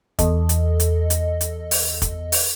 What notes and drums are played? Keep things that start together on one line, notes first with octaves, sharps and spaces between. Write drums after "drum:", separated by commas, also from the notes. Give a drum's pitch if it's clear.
E2 A4 D#5, drum: kick, hi-hat
drum: hi-hat
drum: hi-hat
drum: hi-hat
drum: hi-hat
drum: open hi-hat
drum: kick, hi-hat
drum: open hi-hat